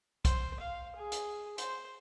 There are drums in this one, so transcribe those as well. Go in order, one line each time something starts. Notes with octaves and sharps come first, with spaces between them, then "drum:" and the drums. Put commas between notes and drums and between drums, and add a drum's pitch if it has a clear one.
C5, drum: kick, hi-hat
F5
G#4
drum: hi-hat
C5, drum: hi-hat